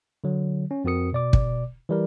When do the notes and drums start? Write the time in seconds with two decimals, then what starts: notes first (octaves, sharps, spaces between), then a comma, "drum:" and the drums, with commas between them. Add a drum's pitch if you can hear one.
0.24 D3 F#3
0.71 C#4
0.84 F2 C4 F#4 A#4 D#6 C#7
1.13 B2 D5 D6
1.33 drum: kick
1.89 E3 G3 A#4